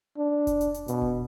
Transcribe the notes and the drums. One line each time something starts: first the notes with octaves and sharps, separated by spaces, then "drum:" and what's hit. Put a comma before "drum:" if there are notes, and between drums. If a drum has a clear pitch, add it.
D4
drum: kick F1, hi-hat
drum: hi-hat
drum: hi-hat
B2, drum: hi-hat
drum: kick F1